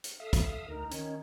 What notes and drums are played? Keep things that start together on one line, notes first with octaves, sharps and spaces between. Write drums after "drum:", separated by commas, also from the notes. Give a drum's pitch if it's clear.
drum: hi-hat
A4 E5 F5 D#6
drum: kick, hi-hat
D2 D#4 A#4
D#3 C#4, drum: hi-hat